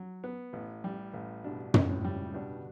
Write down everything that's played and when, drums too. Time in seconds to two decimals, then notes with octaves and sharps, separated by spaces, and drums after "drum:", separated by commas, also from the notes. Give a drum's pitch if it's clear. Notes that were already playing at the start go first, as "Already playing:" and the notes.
Already playing: F#3
0.24 B3
0.53 A1
0.84 G3
1.13 A1
1.44 G2 B2 D4
1.74 C#2, drum: tom
1.89 A2 C#3
2.04 G3
2.25 C#3
2.34 G2 B2 D4
2.57 D3